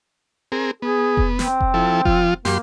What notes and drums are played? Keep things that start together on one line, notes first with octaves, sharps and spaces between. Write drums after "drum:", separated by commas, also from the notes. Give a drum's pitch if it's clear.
C4 G#4 A#4
B3 G#4
drum: kick F1
C4, drum: snare
drum: kick F1
F3 E4 A4
F3 F4, drum: kick F1
F#2 A#3 G4 C6, drum: snare